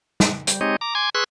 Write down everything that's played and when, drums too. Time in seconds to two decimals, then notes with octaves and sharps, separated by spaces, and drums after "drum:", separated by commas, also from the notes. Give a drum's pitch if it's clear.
0.20 drum: snare
0.47 G3, drum: hi-hat
0.61 G#3 C4 D#4 G4 C#5 D#5
0.81 A#5 D6
0.95 G#5 C6 D6 G#6
1.15 G#4 B4 C6 C#6 E6 F#6